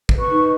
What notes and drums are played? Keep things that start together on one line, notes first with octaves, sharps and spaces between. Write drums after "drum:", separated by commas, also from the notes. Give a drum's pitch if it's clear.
B4, drum: kick
C#6
D#4